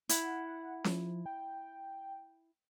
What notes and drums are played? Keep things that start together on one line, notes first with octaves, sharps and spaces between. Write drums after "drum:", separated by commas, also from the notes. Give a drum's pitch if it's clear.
E4 F#5, drum: hi-hat
F3, drum: snare C#4
G5